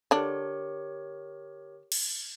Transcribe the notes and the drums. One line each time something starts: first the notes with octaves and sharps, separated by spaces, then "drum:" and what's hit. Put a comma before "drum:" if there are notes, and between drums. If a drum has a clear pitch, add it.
D3 D4 G4 A#4 C#5
drum: cymbal